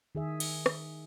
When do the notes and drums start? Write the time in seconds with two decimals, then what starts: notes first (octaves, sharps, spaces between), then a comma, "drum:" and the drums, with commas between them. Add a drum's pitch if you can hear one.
0.15 D#3 G#4 E5
0.40 drum: cymbal
0.66 drum: rim click